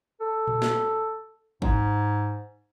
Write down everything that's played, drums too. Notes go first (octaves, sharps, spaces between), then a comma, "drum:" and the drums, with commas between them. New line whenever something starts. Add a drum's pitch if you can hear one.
A4
drum: tom A#2
drum: snare
G#2, drum: kick